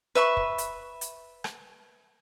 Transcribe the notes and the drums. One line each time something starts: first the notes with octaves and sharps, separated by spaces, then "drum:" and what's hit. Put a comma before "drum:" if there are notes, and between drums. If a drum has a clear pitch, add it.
B4 E5 B5 C#6
drum: kick
drum: hi-hat
drum: hi-hat
drum: rim click